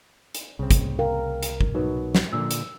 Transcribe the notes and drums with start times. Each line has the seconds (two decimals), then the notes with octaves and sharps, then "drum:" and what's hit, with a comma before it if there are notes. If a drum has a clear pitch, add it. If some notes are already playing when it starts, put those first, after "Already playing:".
0.35 drum: hi-hat
0.59 C2 C#3 C4
0.71 drum: kick, hi-hat
0.99 A#4 F5 G5
1.43 drum: hi-hat
1.61 drum: kick
1.75 B2 F#3 D#4 B4
2.15 drum: snare
2.33 A#2 D3 E6
2.51 drum: hi-hat